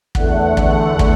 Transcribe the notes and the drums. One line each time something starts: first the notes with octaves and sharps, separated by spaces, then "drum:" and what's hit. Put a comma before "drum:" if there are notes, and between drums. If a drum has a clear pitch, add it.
E2 D3 A3 F#5, drum: kick
drum: kick
drum: kick